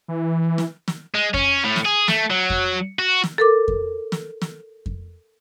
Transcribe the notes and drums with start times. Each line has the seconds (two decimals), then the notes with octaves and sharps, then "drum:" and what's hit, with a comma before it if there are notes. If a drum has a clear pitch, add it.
0.08 E3
0.58 drum: snare
0.88 drum: snare
1.14 G#3
1.34 C#4, drum: kick F2
1.64 A2
1.76 drum: snare
1.85 G#4
2.08 A3, drum: snare
2.30 F#3
2.50 drum: kick F2
2.99 F#4
3.24 drum: snare
3.38 A4 A#4 D6
3.68 drum: kick F2
4.12 drum: snare
4.42 drum: snare
4.86 drum: kick F2